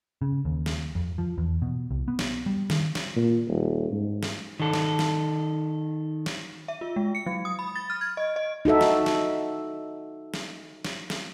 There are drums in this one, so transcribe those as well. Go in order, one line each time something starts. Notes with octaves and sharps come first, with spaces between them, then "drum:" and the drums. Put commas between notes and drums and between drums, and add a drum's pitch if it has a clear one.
C#3
D#2
drum: snare
F2
F3
E2
B2
C2
B3
drum: snare
G3
D#3, drum: snare
drum: snare
A#2
D#1
G#2
drum: snare
D#3 A4
drum: snare
drum: snare
drum: snare
E5
F4
G#3
C#7
F#3
D#6
B5
A6
F6
G#6
D#5
D#5
D#4 F#4 A4 E5
drum: snare
drum: snare
drum: snare
drum: snare
drum: snare